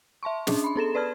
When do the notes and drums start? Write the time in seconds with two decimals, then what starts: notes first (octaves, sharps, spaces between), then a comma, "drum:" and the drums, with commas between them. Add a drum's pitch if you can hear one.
0.23 E5 A5 C6 C#6
0.47 C#4 D4 G#4, drum: snare
0.64 B5 C6
0.76 B3 G#4 A4 E7
0.95 B4 D5 A5 F6 G#6